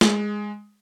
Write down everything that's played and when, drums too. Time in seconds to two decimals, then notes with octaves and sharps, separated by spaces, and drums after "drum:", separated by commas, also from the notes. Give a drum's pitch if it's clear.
0.01 G#3, drum: snare